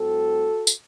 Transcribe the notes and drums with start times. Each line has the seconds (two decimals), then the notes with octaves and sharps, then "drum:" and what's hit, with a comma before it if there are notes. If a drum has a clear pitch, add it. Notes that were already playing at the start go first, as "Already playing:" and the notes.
Already playing: A2 G3 C4 F#4 A4
0.67 drum: tambourine